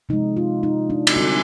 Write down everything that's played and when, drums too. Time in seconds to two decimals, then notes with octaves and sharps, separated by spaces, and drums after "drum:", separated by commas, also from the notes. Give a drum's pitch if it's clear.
0.09 C3 F3 G#3 D#4
0.37 F4
0.63 D#4
0.90 D4
1.07 drum: cymbal
1.16 D3 G3 C4